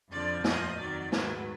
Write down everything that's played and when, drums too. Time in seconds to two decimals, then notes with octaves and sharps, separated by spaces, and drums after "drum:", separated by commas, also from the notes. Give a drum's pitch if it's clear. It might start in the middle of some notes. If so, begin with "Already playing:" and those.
0.11 F2 D3 F3 D5
0.44 A#2 F3 D#5, drum: snare
0.78 F2 D#3 F#3 D5
1.12 G#2 F#3 B4, drum: snare